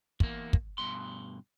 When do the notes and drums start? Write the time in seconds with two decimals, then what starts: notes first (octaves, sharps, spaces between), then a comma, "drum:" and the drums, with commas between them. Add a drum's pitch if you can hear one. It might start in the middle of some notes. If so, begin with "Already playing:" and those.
0.20 E2 A#3, drum: kick
0.53 drum: kick
0.78 G2 B2 C6